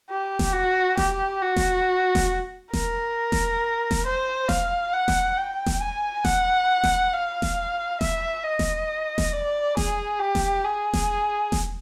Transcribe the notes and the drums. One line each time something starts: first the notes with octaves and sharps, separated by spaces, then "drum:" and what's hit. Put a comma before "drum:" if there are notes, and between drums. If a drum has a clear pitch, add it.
G4
drum: snare E1
F#4
G4, drum: snare E1
F#4
drum: snare E1
drum: snare E1
A#4, drum: snare E1
drum: snare E1
drum: snare E1
C5
F5, drum: snare E1
F#5
drum: snare E1
G5
drum: snare E1
G#5
F#5, drum: snare E1
drum: snare E1
F5
drum: snare E1
E5, drum: snare E1
D#5
drum: snare E1
drum: snare E1
D5
G#4, drum: snare E1
G4
drum: snare E1
G#4
drum: snare E1
drum: snare E1